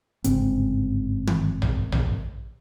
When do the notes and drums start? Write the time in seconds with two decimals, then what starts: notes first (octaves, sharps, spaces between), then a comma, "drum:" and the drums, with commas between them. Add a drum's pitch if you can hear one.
0.24 G1 G#2 C#3 C4, drum: hi-hat
1.27 drum: tom
1.62 drum: tom A#1
1.92 drum: tom A#1